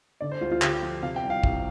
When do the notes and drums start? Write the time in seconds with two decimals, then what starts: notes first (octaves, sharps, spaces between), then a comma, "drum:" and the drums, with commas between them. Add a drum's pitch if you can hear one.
0.21 D3 D5
0.31 C5
0.41 D2 F4
0.52 F4
0.62 D3 G4, drum: clap
0.82 F3
1.02 C3 F5
1.16 G5
1.23 C2
1.30 F5
1.44 C2, drum: kick